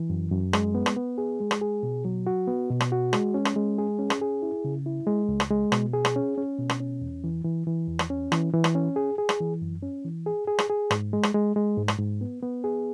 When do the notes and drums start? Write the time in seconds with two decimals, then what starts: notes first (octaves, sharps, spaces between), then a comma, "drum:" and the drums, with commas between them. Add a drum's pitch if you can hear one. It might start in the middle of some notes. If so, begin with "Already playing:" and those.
Already playing: E3
0.10 F#2
0.32 F#2
0.53 G#3, drum: rim click
0.75 B3
0.86 drum: rim click
0.97 B3
1.18 G#4
1.41 G#3
1.51 drum: rim click
1.61 G#4
1.83 B2
2.05 F#3
2.27 F#4
2.48 B3
2.70 B2
2.80 drum: rim click
2.92 F#4
3.13 G#3, drum: rim click
3.34 C#4
3.45 drum: rim click
3.56 G#3
3.78 G#4
3.99 C#4
4.10 drum: rim click
4.22 G#4
4.42 E4
4.65 C#3
4.86 E4
5.07 G#3
5.29 C#2
5.40 drum: rim click
5.50 G#3
5.72 B2, drum: rim click
5.93 G#4
6.05 drum: rim click
6.16 C#4
6.38 C#4
6.59 B2
6.69 drum: rim click
6.80 C#4
7.01 E2
7.24 E3
7.45 E3
7.67 E3
7.88 E2
7.99 drum: rim click
8.10 C#4
8.32 E3, drum: rim click
8.53 E3
8.64 drum: rim click
8.75 C#4
8.96 G#4
9.18 G#4
9.29 drum: rim click
9.40 E3
9.62 F#2
9.82 C#4
10.05 E3
10.26 G#4
10.47 G#4
10.59 drum: rim click
10.70 G#4
10.91 G#2, drum: rim click
11.13 G#3
11.23 drum: rim click
11.34 G#3
11.56 G#3
11.77 G#2
11.88 drum: rim click
11.98 G#2
12.21 B3
12.43 B3
12.64 G#4